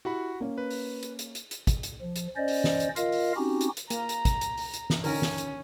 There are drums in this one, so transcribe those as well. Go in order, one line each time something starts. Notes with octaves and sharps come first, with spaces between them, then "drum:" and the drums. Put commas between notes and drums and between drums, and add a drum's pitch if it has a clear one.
E4 F#4 G4 F#5 B5
A#3 C#4
B4
drum: open hi-hat
drum: hi-hat
drum: hi-hat
drum: hi-hat
drum: hi-hat
drum: kick, hi-hat
drum: hi-hat
F3
drum: hi-hat
C#4 C5 D5 D#5
drum: open hi-hat
drum: snare
drum: hi-hat
F4 A#4 D#5 F5, drum: hi-hat
drum: open hi-hat
C4 C#4 D#4 F#4 G4
drum: hi-hat
drum: hi-hat
A#3 A#5, drum: hi-hat
drum: hi-hat
drum: kick, hi-hat
drum: hi-hat
drum: open hi-hat
drum: hi-hat
drum: snare
D3 D#3 C#4 A#4, drum: open hi-hat
drum: snare
drum: hi-hat